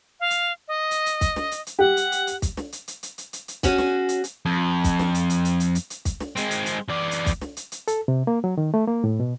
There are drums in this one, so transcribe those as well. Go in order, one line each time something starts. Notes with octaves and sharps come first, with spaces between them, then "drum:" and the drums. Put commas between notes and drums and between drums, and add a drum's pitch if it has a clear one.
F5
drum: hi-hat
D#5
drum: hi-hat
drum: hi-hat
drum: kick, hi-hat
drum: snare
drum: hi-hat
drum: hi-hat
G4 F#5
drum: hi-hat
drum: hi-hat
drum: hi-hat
drum: kick, hi-hat
drum: snare
drum: hi-hat
drum: hi-hat
drum: hi-hat
drum: hi-hat
drum: hi-hat
drum: hi-hat
C#4 F#4 G#4, drum: kick, hi-hat
drum: snare
drum: hi-hat
drum: hi-hat
F2
drum: kick, hi-hat
drum: snare
drum: hi-hat
drum: hi-hat
drum: hi-hat
drum: hi-hat
drum: hi-hat
drum: hi-hat
drum: kick, hi-hat
drum: snare
G#3 C4, drum: hi-hat
drum: hi-hat
drum: hi-hat
E3 D5
drum: hi-hat
drum: kick, hi-hat
drum: snare
drum: hi-hat
drum: hi-hat
A4, drum: hi-hat
C3
A#3
F#3
D#3
A3
A#3
A2
B2